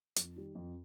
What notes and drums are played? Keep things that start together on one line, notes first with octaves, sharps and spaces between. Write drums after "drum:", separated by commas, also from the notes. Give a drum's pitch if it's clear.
F2, drum: hi-hat
D#3 G3
F2